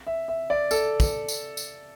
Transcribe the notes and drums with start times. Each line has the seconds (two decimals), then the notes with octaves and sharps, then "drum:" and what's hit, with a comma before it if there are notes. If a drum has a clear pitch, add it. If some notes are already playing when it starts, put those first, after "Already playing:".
0.07 E5
0.28 E5
0.50 D5
0.71 A4, drum: tambourine
1.00 drum: kick, tambourine
1.28 drum: tambourine
1.57 drum: tambourine